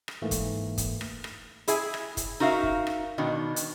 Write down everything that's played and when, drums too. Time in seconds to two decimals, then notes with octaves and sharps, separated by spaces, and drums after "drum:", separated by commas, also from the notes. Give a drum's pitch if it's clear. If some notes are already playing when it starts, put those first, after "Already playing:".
0.08 drum: rim click
0.22 G#2 E3 A3 A#3
0.31 drum: kick, hi-hat
0.78 drum: kick, hi-hat
1.01 drum: rim click
1.24 drum: rim click
1.68 E4 G#4 E5 G#5, drum: hi-hat
1.94 drum: rim click
2.17 drum: kick, hi-hat
2.40 D#4 F#4 A#4 E5 F5
2.63 drum: kick
2.87 drum: rim click
3.18 B2 D#3 D4
3.56 drum: hi-hat